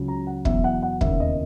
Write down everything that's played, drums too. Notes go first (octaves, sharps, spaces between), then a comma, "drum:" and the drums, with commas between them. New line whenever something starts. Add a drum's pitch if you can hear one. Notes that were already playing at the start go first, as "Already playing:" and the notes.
Already playing: C#2 C#3 F#3
A#5
F#5
E2 B2 F#3 E5, drum: kick
F#5
F#5
E1 D#2 C#3 E5, drum: kick
D#5